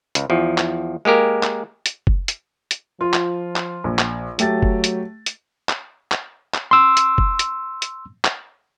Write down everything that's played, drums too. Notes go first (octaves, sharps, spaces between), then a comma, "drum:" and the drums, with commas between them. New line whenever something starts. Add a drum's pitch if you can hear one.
C#2, drum: hi-hat
E2 F3
drum: clap
G#3 A#3 G4 A#4
drum: clap
drum: hi-hat
drum: kick F#1
drum: hi-hat
drum: hi-hat
F3 F4
drum: clap
drum: clap
A#1
drum: clap
F#3 A3 G4 A6, drum: hi-hat
drum: kick F#1
drum: hi-hat
drum: hi-hat
drum: clap
drum: clap
drum: clap
C6 E6
drum: hi-hat
drum: kick F#1
drum: hi-hat
drum: hi-hat
drum: clap